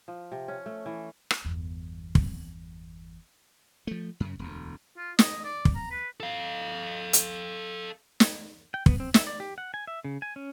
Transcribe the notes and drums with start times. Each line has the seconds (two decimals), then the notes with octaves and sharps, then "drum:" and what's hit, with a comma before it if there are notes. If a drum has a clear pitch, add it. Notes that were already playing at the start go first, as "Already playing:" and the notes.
0.08 F3
0.32 C3
0.48 C#4
0.66 A3
0.86 E3
1.31 drum: rim click
1.45 G1 E2
2.15 drum: kick
3.87 F3 A3
4.20 F#2 C#3
4.39 E1 D2
4.97 F4
5.19 D#5, drum: snare
5.44 D5
5.65 drum: kick
5.75 A#5
5.91 B4
6.20 A4 F5
7.13 drum: hi-hat
8.20 drum: snare
8.74 G5
8.86 B3, drum: kick
9.00 C4
9.14 E5, drum: snare
9.27 D5
9.40 G4
9.58 F#5
9.74 G#5
9.87 E5
10.04 C#3
10.22 G#5
10.36 C#4